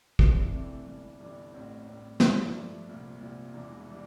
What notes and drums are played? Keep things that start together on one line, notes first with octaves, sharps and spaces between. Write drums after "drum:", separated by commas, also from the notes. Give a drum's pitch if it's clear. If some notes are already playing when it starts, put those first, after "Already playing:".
C2 C3 E3 A3 D4, drum: kick
C2 C3 E3 A3 D4
G1 G2 E3 G3 D4
G1 G2 E3 G3 D4
A1 A2 G3 C4
A1 A2 G3 C4
G2 F3 A3 D4, drum: snare
G2 F3 A3 D4
C2 A#2 G3
C2 A#2 G3
E1 E2 E3 G3 D4
E3 G3 D4